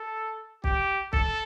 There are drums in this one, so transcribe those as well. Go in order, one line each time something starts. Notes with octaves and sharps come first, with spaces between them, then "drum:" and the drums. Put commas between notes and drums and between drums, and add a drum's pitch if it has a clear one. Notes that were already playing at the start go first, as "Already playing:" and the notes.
Already playing: A4
G4, drum: kick
A4, drum: kick